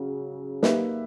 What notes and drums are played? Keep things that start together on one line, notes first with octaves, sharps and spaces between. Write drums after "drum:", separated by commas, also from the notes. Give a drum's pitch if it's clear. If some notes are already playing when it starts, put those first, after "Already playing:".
Already playing: C#3 F#3
A#3 D#4 G4 B4 E5, drum: snare